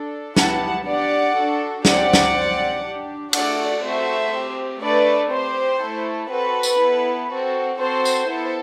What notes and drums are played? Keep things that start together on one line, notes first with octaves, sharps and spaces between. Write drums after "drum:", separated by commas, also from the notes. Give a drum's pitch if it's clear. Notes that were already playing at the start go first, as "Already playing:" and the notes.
Already playing: D4 A4
B3 E4 G4 F#5 A5, drum: snare
D4 G4 D5 F#5
D4 F#4 A4
C4 G4 D5 F#5, drum: snare
drum: snare
C4 G4
D4 G4
A3 D4 F#4 A4 D5 F#5, drum: cymbal
A3 C4 F#4 A4 C5 E5
C4 G4
A3 D4 A4 B4 D5
C4 G4 C5
A3 E4 A4
C4 F#4 A4 B4
drum: tambourine
B3 E4 A4
C4 F#4 A4
C4 F#4 A4 C5
drum: tambourine
B3 E4 A4